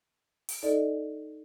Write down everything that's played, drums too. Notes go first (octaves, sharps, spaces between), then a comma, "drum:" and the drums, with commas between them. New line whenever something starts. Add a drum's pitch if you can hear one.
drum: open hi-hat
D#4 A4 D5 D#5